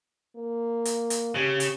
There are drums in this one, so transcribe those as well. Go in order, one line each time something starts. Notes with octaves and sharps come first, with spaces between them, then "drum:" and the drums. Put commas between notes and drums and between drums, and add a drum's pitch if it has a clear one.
A#3
drum: hi-hat
drum: hi-hat
C#3 G4
drum: hi-hat